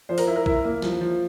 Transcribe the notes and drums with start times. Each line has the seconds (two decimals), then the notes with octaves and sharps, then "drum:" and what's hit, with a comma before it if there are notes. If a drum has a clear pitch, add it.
0.09 F3 C5
0.18 A#4, drum: open hi-hat
0.27 E4
0.36 A#4
0.46 E4, drum: kick B1
0.65 A#3
0.82 F3, drum: snare
1.01 F3